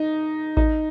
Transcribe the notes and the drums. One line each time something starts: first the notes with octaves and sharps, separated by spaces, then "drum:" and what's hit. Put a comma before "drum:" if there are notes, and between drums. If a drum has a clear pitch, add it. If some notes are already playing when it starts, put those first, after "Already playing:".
Already playing: D#4
D#4, drum: kick A1